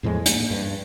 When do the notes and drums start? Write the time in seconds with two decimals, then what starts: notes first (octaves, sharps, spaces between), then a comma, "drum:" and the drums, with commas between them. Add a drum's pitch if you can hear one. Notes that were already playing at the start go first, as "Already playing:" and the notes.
0.03 E2 A2 F3 G#3
0.26 A#3, drum: hi-hat
0.50 G2